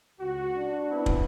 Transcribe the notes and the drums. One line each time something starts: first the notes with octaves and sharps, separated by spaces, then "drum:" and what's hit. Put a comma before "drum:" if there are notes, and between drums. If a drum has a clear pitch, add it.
C#2 F#4
D4
B3 C4 E4
drum: kick